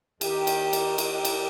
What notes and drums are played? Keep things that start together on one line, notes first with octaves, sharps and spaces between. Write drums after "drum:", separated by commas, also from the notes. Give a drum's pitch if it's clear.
D#2 D#3 G4, drum: cymbal
drum: cymbal
drum: cymbal
G4, drum: cymbal
drum: cymbal